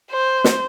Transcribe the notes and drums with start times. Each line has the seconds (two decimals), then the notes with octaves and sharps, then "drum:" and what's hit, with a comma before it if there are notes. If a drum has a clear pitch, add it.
0.11 C5
0.44 drum: snare